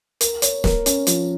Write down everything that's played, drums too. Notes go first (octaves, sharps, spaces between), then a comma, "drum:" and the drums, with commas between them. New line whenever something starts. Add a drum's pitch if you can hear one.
A#4, drum: hi-hat
C#5, drum: hi-hat
A#4, drum: snare
C#4, drum: hi-hat
F3, drum: hi-hat